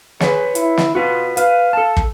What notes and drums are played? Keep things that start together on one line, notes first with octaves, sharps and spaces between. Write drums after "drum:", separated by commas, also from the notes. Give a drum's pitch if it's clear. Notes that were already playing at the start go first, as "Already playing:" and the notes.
G#4 B4 C#5, drum: snare
E4, drum: hi-hat
drum: snare
F4 F#4 B4
B4 F5, drum: hi-hat
A4 A5
drum: kick